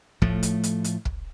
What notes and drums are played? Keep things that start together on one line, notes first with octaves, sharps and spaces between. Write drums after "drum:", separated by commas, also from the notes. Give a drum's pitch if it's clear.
A2 F3 A3, drum: kick
drum: hi-hat
drum: hi-hat
drum: hi-hat
drum: kick